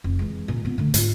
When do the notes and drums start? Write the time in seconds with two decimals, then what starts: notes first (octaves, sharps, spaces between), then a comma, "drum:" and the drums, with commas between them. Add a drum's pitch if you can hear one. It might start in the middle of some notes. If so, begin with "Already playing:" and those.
0.04 F1
0.19 E3 G#3
0.48 A#2 D#4
0.65 A#2 B3
0.78 D3 A3
0.94 G#2 F4, drum: hi-hat